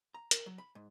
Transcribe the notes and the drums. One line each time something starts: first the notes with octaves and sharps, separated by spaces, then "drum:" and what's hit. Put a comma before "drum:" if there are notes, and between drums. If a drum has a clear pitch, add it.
A#5
A#4, drum: hi-hat
F#3
B5
G#2